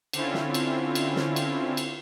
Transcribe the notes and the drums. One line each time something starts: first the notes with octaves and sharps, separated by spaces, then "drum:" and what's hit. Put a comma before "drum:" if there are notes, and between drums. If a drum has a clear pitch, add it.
D3 C4 C#4 E4 F4, drum: cymbal
drum: snare
drum: cymbal
drum: cymbal
drum: snare
drum: cymbal
drum: cymbal